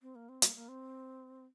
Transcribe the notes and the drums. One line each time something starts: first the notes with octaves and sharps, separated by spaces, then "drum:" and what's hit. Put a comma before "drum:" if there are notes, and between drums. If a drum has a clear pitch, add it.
C4
A#3
C4
A#3, drum: hi-hat
A#3
C4